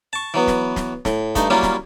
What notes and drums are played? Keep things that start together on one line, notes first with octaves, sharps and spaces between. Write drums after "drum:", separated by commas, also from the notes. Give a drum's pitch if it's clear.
A5 C#6
E3 F#3 B3
drum: snare
drum: snare
A2, drum: snare
G2 A3 D#4, drum: kick, hi-hat
F#3 G3 A#3 C#4 E4 F4
drum: snare